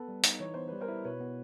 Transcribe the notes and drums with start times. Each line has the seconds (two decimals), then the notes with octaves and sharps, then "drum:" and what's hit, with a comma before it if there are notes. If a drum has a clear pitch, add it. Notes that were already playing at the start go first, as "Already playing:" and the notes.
Already playing: B3 A4 B4
0.08 G3
0.24 D#4, drum: hi-hat
0.40 E3 C#5
0.54 B3 C5
0.68 G3 B4
0.81 A#4 C5
0.88 E4
1.04 B2 B4 C#5
1.21 B3